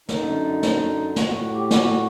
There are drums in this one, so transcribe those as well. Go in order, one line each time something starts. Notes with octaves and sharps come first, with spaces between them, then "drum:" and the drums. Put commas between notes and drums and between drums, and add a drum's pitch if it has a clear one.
F#2 D3 D#4, drum: snare
drum: snare
A2 F#4, drum: snare
F#4
G4
F#4, drum: snare